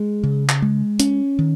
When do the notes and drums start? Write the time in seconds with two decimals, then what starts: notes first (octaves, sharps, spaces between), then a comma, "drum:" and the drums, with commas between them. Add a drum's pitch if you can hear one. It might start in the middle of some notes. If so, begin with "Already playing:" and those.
Already playing: G#3
0.23 C#3
0.49 drum: clap
0.62 G#3
1.00 C#4, drum: hi-hat
1.39 D#3